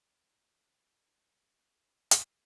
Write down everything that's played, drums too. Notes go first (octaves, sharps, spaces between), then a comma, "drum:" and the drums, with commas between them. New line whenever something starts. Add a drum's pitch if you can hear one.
A#4 C5 A5
A4 D#5 B5
A#4 E5 F5
drum: hi-hat